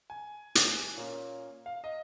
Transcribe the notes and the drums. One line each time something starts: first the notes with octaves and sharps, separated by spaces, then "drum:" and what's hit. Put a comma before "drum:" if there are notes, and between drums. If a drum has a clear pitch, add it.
G#5
drum: hi-hat
A#2 A#3 C#4
F5
D#5